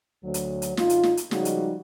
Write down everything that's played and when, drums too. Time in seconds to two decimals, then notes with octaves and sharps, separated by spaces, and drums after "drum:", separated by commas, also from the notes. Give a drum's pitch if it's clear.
0.24 D2 F#3
0.34 drum: hi-hat
0.62 drum: hi-hat
0.77 F#2 D3 D#4 F4, drum: snare
0.90 drum: hi-hat
1.03 drum: snare
1.17 drum: hi-hat
1.31 C#3 F3 G3 G#3 D#4 F#4, drum: snare
1.45 drum: hi-hat